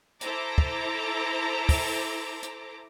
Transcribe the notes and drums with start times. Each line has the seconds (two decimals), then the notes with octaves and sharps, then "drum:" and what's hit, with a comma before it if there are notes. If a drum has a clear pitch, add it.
0.21 E4 A4 C5 A#5 D6, drum: hi-hat
0.58 drum: kick
1.69 drum: kick, open hi-hat
2.43 drum: hi-hat